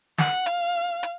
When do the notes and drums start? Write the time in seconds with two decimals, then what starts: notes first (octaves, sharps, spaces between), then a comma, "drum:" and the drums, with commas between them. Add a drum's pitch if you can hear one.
0.18 F#5, drum: snare
0.46 F5, drum: hi-hat
1.03 drum: hi-hat